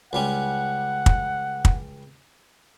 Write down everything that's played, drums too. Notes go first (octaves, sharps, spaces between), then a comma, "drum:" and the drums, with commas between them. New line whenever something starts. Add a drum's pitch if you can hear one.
C#2 G3 C#4 F#5
drum: kick
drum: kick